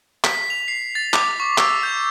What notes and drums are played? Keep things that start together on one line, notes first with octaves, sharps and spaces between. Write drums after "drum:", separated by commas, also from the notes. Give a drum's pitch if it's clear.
B6, drum: clap
F7
C7
A6
D6, drum: clap
C#6
E6, drum: clap
G6